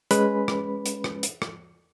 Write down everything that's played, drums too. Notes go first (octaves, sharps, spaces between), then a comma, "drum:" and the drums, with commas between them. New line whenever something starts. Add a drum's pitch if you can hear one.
G#3 C#4 B4 B5, drum: hi-hat
drum: rim click
drum: hi-hat
drum: rim click
drum: hi-hat
drum: rim click